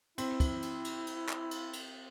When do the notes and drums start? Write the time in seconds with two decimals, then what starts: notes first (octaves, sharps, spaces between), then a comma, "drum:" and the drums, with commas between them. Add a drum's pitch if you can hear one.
0.18 C4 E4, drum: cymbal
0.40 drum: kick, cymbal
0.62 drum: cymbal
0.84 drum: cymbal
1.07 drum: cymbal
1.29 drum: clap
1.51 drum: cymbal
1.73 drum: cymbal